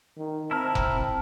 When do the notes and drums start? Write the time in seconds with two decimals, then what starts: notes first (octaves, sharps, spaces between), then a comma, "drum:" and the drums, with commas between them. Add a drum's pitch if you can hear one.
0.18 D#3
0.51 C4 E4 A5 A#5 F6
0.75 drum: kick F1